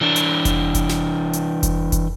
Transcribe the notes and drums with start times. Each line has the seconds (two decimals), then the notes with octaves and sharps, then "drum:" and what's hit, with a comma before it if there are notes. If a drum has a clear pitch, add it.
0.01 E3 D4
0.16 drum: hi-hat
0.45 drum: kick F1, hi-hat
0.75 drum: kick F1, hi-hat
0.89 drum: snare
1.33 drum: hi-hat
1.63 drum: kick F1, hi-hat
1.92 drum: kick F1, hi-hat